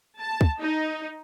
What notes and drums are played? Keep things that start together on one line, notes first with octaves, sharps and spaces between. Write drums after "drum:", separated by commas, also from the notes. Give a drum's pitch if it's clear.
A5
drum: kick
D#4